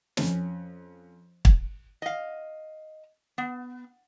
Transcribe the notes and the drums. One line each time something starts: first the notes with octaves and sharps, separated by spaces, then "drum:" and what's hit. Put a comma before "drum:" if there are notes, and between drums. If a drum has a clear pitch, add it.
F2 C#4, drum: snare
drum: kick
D#5 F5
B3